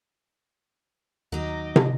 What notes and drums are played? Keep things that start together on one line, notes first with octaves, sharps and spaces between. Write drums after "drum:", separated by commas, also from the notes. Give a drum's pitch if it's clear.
D#2 F#3 D#4 D#5 A#5 D6
drum: tom